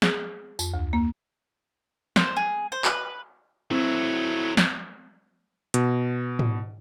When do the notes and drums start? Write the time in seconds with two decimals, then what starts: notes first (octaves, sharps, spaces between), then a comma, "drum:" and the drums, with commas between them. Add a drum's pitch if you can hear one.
0.02 G#4, drum: snare
0.59 F2, drum: tambourine
0.74 D2
0.93 A#3
2.16 C5, drum: snare
2.37 G#4
2.72 C5
2.85 B4, drum: clap
3.71 F#3 A3 C4 E4 G#6
4.57 drum: snare
5.74 B2, drum: hi-hat
6.39 drum: tom